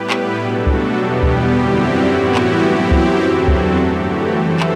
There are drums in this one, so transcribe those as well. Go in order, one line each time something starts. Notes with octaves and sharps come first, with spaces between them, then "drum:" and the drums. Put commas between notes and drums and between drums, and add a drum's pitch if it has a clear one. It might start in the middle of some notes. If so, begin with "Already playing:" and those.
Already playing: A2 G3 B3 E4 G4 B4
G4 B4, drum: clap
B2 F#3 A3 D4 F#4 A4
drum: kick C#2
E2 B2 G3 B3 G4
drum: kick C#2
F#2 D3 G3 C4 E4
F#4
A2 E3 B3 E4
G4, drum: clap
F#2 F#3 C4 E4
drum: kick C#2
E2 D3 F#3 C4 F#4 A4
F#4, drum: kick C#2
G2 E3 A3 G4
F#4
F#2 E3 A3 A4 C5
drum: clap